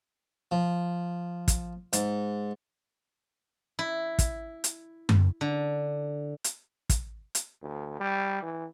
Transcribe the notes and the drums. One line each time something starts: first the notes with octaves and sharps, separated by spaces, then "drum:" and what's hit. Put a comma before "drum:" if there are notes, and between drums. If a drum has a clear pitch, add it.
F3
drum: kick, hi-hat
G#2, drum: hi-hat
E4
drum: kick, hi-hat
drum: hi-hat
drum: tom F#2
D3
drum: hi-hat
drum: kick, hi-hat
drum: hi-hat
D2
G3
E3